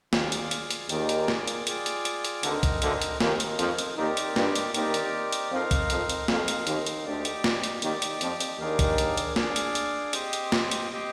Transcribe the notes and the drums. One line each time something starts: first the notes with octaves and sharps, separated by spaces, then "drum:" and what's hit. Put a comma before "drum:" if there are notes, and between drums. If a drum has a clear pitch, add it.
D#2 D#3 F4 G#4 D5 F5, drum: snare
drum: hi-hat
drum: hi-hat
drum: hi-hat
D#2 D#3 F4 G#4 D5 G5, drum: hi-hat
drum: hi-hat
drum: snare
drum: hi-hat
F4 G#4 D5 G5, drum: hi-hat
drum: hi-hat
drum: hi-hat
drum: hi-hat
D2 D3 C4 D#4 A#4, drum: hi-hat
drum: kick A#1, hi-hat
D2 D3, drum: hi-hat
drum: hi-hat
D#2 D#3 C4 D#4 A#4, drum: snare
drum: hi-hat
F2 F3, drum: hi-hat
drum: hi-hat
D#2 D#3 C4 D#4 G4 A#4 D5
drum: hi-hat
G2, drum: snare
drum: hi-hat
D#2 D#3 C4 D#4 G4 A#4 D5, drum: hi-hat
drum: hi-hat
drum: hi-hat
F2 F3 C4 D#4 A#4 F5
drum: kick A#1, hi-hat
F2 F3, drum: hi-hat
drum: hi-hat
F2 F3 C4 D#4 A#4 F5, drum: snare
drum: hi-hat
D#2 D#3, drum: hi-hat
drum: hi-hat
D2 D3 D#4 G4 D5
drum: hi-hat
drum: snare
drum: hi-hat
D#2 D#3 D#4 G4 D5, drum: hi-hat
drum: hi-hat
F2 F3, drum: hi-hat
drum: hi-hat
D#2 D#3 D4 G#4 D5 F5
drum: kick A#1, hi-hat
drum: hi-hat
drum: hi-hat
D4 G#4 D5 F5, drum: snare
drum: hi-hat
drum: hi-hat
C4 G4 C5 D#5 G5, drum: hi-hat
drum: hi-hat
drum: snare
drum: hi-hat
C4 G4 C5 D#5 G5